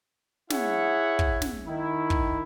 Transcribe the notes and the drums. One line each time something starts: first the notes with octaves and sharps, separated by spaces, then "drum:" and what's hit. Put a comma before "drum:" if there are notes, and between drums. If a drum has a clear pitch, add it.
E4 G#4 C#5 E5 F#5, drum: snare
drum: kick
drum: snare
D#3 E4
drum: kick